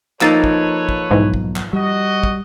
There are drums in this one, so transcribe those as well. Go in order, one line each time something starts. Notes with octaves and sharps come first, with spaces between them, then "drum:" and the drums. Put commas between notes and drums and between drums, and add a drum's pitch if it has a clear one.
F3 A#3 D#4 A4 B4 C#5 E6 A6, drum: clap
drum: kick
drum: kick
B1 G#2 E3
drum: kick
drum: clap
G3 F#4 D#5
drum: kick